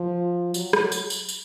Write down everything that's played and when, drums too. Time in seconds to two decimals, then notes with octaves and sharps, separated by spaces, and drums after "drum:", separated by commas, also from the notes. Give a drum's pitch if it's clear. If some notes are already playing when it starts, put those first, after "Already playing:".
Already playing: F3
0.54 F#3, drum: tambourine
0.73 drum: rim click
0.92 drum: tambourine
1.10 drum: tambourine
1.29 drum: tambourine